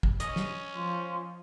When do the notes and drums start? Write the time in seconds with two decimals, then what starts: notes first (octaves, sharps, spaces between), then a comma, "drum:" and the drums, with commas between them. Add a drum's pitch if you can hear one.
0.03 drum: kick
0.20 C#4 D#5, drum: hi-hat
0.36 drum: snare
0.75 F3 C6